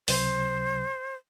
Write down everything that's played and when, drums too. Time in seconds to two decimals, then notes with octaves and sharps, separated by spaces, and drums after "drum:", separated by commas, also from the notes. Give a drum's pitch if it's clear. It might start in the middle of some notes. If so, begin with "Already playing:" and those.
0.08 C#2 C3 F#3 C5, drum: open hi-hat